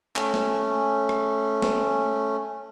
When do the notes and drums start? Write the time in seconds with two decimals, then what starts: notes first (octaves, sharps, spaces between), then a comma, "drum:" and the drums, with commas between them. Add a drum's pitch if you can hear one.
0.16 A3 C#4, drum: clap
0.34 drum: snare
1.09 drum: rim click
1.62 drum: snare